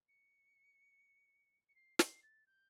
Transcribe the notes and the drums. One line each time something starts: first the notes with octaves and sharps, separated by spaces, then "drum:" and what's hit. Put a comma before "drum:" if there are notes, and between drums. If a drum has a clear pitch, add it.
C#7
C#7
C7
C7, drum: snare
A6
G6